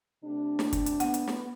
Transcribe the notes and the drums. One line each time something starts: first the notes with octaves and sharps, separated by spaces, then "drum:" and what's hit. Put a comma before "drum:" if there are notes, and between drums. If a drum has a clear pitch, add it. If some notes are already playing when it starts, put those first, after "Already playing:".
C3 A3 D4
drum: snare
drum: kick, hi-hat
drum: hi-hat
B3 F#5, drum: hi-hat
drum: hi-hat
drum: snare